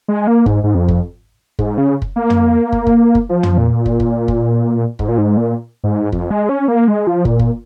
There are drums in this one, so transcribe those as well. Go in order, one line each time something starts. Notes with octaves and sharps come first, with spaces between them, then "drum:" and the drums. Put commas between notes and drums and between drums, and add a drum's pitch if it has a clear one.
G#3
A#3
G#2, drum: kick
G#2
F2
drum: kick
G#2, drum: kick
C#3
drum: kick
A#3
drum: tom
drum: kick
drum: kick
drum: kick
F3
drum: tom
A#2
drum: kick
drum: kick
drum: kick
G#2, drum: kick
A#2
G#2
A#2
G#2
F2, drum: kick
G#3
C#4
A#3
G#3
F3
A#2, drum: kick
drum: kick